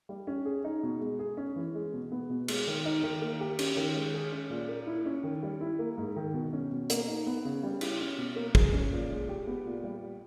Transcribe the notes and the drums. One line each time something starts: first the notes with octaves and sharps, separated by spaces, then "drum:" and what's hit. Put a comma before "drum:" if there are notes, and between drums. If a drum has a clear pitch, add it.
G3
C#4
G#4
D#4
B2
G#3
G#4
C#4
E3
G#3
B2
B3
B2
G#3, drum: cymbal
D#3
D#4
D#3
A#3
G4
C#4, drum: cymbal
D#3
G#3
G#4
C#4
A#2
A#3
E4
C#4
D#3
G3
E4
A#3
G#2
D#3
B2
C#4
B2
A#3, drum: hi-hat
D#4
B3
C#3
G3
E4, drum: cymbal
C#4
B2
A#3
G#4, drum: kick
C#4
A#2
G#3
G4
B3
A#2
G3